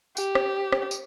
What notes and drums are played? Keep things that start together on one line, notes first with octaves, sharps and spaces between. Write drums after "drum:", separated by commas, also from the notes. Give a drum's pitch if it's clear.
G4, drum: tambourine
drum: rim click
drum: rim click
drum: tambourine